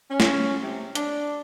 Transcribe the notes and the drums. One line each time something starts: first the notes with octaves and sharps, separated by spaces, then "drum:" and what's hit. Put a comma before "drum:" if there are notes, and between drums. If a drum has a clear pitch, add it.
C#4
drum: snare
C3
D4, drum: hi-hat